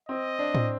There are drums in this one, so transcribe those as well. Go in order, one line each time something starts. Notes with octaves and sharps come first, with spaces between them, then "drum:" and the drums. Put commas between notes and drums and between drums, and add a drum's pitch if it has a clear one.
C4 D#5
D4
C4, drum: tom A2